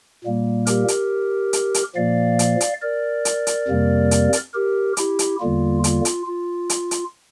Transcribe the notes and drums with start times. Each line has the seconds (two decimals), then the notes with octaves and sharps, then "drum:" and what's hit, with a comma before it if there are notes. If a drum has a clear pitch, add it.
0.24 A#2 G3 A#3
0.67 G4 A#4, drum: hi-hat
0.88 drum: hi-hat
1.53 drum: hi-hat
1.74 drum: hi-hat
1.95 A#2 F3 A#3 D5 F5
2.39 drum: hi-hat
2.61 drum: hi-hat
2.82 A#4 D5
3.25 drum: hi-hat
3.47 drum: hi-hat
3.68 F2 C3 G3 A#3
4.11 drum: hi-hat
4.33 drum: hi-hat
4.54 G4 A#4
4.97 E4 G4, drum: hi-hat
5.19 drum: hi-hat
5.40 E2 D3 G3 A#3 F4
5.84 F4, drum: hi-hat
6.05 drum: hi-hat
6.27 F4
6.70 drum: hi-hat
6.91 drum: hi-hat